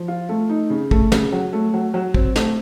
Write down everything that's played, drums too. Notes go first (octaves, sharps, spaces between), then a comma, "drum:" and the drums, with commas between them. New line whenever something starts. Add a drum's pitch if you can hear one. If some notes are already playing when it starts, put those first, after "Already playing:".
Already playing: F3
F4
A3
D#4
C#3
A3, drum: kick
C#3, drum: snare
F#3
A3
F#3
F#3
C4, drum: kick
A3, drum: snare